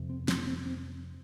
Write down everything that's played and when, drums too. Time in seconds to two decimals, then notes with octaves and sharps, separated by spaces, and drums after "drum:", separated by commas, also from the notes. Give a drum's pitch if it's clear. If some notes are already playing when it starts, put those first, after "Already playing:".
Already playing: F2 C3
0.09 C4
0.28 C4, drum: snare
0.47 C4
0.66 C4